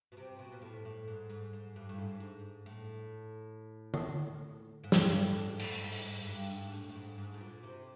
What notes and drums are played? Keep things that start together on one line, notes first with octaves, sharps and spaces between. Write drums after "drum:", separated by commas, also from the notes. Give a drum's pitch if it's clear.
B2
C3
B2
A#2
A2
A2
G#2
G#2
G#2
G2
A2
G#2
G#2
A2
drum: tom
G#2
G2, drum: snare
A2
G2
G#2
G#2
A2, drum: cymbal
A2
G#2
drum: open hi-hat
G#2
G#2
G2
G#2
A2
A2
G#2
G#2
A2
A#2
C3